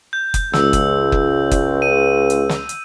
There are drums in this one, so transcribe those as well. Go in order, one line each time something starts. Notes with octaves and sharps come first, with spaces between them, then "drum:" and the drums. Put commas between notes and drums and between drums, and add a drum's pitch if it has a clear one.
G6
drum: kick F#1, hi-hat
C#2 E6, drum: snare
drum: kick F#1, hi-hat
drum: kick F#1
drum: kick F#1, hi-hat
D#7
drum: hi-hat
drum: snare
drum: hi-hat